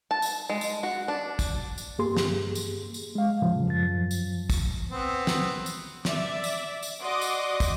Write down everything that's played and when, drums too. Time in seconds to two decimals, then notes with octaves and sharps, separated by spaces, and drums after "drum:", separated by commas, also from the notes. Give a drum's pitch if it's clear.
0.11 A5
0.22 drum: tambourine
0.50 G#3
0.61 drum: tambourine
0.83 F#4
1.08 D4
1.39 drum: kick, tambourine
1.78 drum: tambourine
1.99 G2 A#3 G4 G#4 C6
2.17 drum: snare
2.55 drum: tambourine
2.94 drum: tambourine
3.15 G#3 F5
3.42 E2 A2 C#3 F3
3.67 F#2 F3 A6
4.11 drum: tambourine
4.50 drum: kick, tambourine
4.91 B3 C4
5.27 drum: snare
5.66 drum: tambourine
6.05 D5 E5, drum: snare
6.44 drum: tambourine
6.83 drum: tambourine
7.02 F#4 D5 D#5 C6 D6 D#6
7.21 drum: tambourine
7.60 drum: kick, tambourine